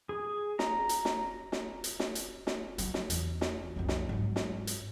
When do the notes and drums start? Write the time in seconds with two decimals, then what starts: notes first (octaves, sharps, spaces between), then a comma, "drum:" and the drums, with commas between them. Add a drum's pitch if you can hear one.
0.09 G#4
0.59 A#5, drum: snare
0.89 drum: hi-hat
1.05 drum: snare
1.52 drum: snare
1.84 drum: hi-hat
2.00 drum: snare
2.15 drum: hi-hat
2.47 drum: snare
2.78 F#3, drum: hi-hat
2.94 drum: snare
3.10 E2, drum: hi-hat
3.41 drum: snare
3.76 C2 F2
3.89 drum: snare
4.09 G#2 F#3
4.36 drum: snare
4.67 drum: hi-hat